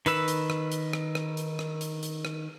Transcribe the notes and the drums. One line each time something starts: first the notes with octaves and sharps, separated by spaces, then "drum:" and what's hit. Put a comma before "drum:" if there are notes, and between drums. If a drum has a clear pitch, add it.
D#3 B4 E6, drum: hi-hat
drum: hi-hat
drum: rim click
drum: hi-hat
drum: rim click
drum: rim click
drum: hi-hat
drum: rim click
drum: hi-hat
drum: hi-hat
drum: rim click